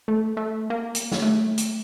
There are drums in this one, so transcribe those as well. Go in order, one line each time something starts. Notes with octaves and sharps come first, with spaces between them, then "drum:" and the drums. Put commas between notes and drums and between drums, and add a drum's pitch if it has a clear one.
A3
A3
A#3
drum: hi-hat
drum: snare
A3
drum: hi-hat